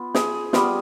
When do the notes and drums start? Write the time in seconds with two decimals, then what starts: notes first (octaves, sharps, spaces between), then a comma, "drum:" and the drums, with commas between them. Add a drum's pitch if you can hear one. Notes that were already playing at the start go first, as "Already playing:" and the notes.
Already playing: B3 F4
0.15 G#4, drum: snare
0.53 G3 B3 F4, drum: snare